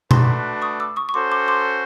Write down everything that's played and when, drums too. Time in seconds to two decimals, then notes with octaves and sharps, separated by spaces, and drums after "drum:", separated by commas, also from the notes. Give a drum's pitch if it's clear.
0.11 A3 D4 F#4 B4 A#5 C6, drum: tom B2
0.62 C#6 D#6
0.80 D6 E6
0.96 C#6 D#6
1.09 C#6
1.14 C#4 F#4 A4 C5 C6 D6
1.32 C6 D6
1.48 C6 D6